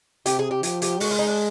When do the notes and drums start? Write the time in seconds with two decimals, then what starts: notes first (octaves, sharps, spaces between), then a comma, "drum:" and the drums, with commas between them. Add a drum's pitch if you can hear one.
0.26 C3 G4, drum: hi-hat
0.39 G#4
0.51 G4
0.63 F3 G4, drum: hi-hat
0.82 G4, drum: hi-hat
1.00 G#3 F#4, drum: open hi-hat
1.11 F4
1.19 D#4
1.28 D4